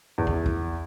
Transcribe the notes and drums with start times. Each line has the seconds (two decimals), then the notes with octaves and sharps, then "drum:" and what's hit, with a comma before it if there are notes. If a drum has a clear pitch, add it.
0.18 E2
0.27 drum: kick
0.46 drum: kick